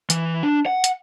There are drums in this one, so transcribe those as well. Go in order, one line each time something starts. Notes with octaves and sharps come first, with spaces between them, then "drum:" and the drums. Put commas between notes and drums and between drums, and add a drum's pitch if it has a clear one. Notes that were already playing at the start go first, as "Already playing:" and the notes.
E3, drum: hi-hat
D4
F#5
drum: hi-hat